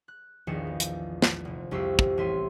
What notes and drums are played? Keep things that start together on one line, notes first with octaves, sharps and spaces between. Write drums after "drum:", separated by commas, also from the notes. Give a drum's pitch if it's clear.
F#6
A#1 E2 D#3 C#7 E7
A#3
drum: hi-hat
drum: snare
F1
C2 F2 G4 C#6 E6 C7
drum: kick
A1 E5 C6 D#7